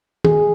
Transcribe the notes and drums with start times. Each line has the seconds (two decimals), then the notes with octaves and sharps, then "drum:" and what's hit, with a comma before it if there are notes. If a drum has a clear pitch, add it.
0.25 G#4, drum: tom D#3